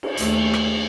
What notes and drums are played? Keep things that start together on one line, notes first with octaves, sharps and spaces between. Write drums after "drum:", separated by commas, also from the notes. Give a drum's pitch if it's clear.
drum: cymbal
D#2 A3, drum: hi-hat
drum: rim click